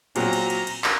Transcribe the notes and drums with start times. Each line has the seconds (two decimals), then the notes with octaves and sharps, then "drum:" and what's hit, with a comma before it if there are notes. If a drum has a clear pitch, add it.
0.16 A#2 F#3 C4 F#4 A#5, drum: cymbal
0.33 drum: cymbal
0.50 drum: cymbal
0.67 drum: cymbal
0.84 drum: clap